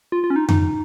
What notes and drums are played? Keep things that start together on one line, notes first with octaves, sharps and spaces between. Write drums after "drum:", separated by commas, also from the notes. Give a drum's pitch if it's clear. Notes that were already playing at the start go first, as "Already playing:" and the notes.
F4
F4
C#4
D#4
D#4, drum: tom F2